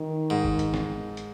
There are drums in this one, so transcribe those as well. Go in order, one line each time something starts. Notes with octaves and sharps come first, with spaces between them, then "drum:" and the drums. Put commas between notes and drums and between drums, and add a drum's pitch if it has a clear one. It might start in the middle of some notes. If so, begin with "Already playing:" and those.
Already playing: D#3
G#2
drum: kick F#1
drum: hi-hat
drum: snare
drum: hi-hat